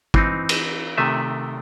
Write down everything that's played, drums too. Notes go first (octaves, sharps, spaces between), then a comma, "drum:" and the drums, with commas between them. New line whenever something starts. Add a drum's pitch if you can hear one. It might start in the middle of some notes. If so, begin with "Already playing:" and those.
E3 C4 D#4, drum: kick
drum: cymbal
C3 D#3 A3 E5 G#5